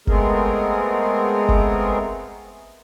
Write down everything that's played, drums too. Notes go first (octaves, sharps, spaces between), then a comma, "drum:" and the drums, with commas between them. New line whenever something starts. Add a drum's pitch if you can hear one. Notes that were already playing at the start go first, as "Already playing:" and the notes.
G#3 A3 B3 C4 G#4 A#4, drum: kick F#1
drum: kick F#1